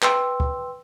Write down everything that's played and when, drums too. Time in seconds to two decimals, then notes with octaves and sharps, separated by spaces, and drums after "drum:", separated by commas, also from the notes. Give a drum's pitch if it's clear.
0.02 B4 G5 C6 E6, drum: clap
0.40 drum: kick